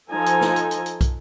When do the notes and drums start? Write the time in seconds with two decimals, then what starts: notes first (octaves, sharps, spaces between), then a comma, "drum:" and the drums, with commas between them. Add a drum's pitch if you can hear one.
0.11 F3 D#4 A4 G#5
0.26 drum: hi-hat
0.41 drum: snare
0.56 drum: hi-hat
0.71 drum: hi-hat
0.86 drum: hi-hat
1.01 drum: kick, hi-hat